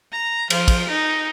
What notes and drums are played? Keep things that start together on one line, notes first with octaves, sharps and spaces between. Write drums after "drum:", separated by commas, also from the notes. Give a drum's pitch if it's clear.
A#5
F3, drum: cymbal
drum: kick, cymbal
D#4